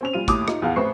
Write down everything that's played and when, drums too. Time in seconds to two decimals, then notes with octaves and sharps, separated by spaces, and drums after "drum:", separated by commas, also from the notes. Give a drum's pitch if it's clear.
0.01 C4 C#4 F7
0.13 A#2 G3 F4 D#7
0.28 D#2 A2 D6 D#6, drum: kick, hi-hat
0.48 D#4 F4, drum: rim click
0.62 E2 F5 F#5
0.76 A1 C4 B4 C#6 C7